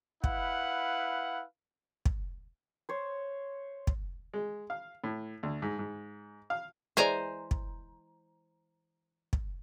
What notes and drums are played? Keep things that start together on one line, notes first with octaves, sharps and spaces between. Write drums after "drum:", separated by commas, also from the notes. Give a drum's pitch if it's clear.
E4 B4 F5 F#5, drum: kick
drum: kick
C5 C#5
drum: kick
G#3
F5
A2
D2
G#2
G#2
F5
E3 G#3 C5 D5 G#5 A#5
drum: kick
drum: kick